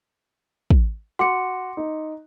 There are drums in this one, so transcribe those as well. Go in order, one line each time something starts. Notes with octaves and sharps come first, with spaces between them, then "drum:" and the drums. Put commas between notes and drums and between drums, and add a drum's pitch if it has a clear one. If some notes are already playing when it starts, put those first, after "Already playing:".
drum: kick
F#4 C6 D6 C#7
D#4